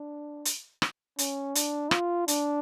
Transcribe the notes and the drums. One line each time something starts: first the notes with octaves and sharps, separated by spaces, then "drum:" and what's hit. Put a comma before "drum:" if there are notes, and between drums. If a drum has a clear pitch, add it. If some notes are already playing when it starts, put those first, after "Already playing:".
Already playing: D4
drum: hi-hat
drum: rim click
C#4, drum: hi-hat
D4, drum: hi-hat
F4, drum: rim click
D4, drum: hi-hat